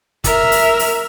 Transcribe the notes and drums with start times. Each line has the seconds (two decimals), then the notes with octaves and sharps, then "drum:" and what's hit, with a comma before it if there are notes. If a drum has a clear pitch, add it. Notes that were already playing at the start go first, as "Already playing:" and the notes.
0.24 A#4 E5, drum: kick, hi-hat
0.52 drum: open hi-hat
0.80 drum: open hi-hat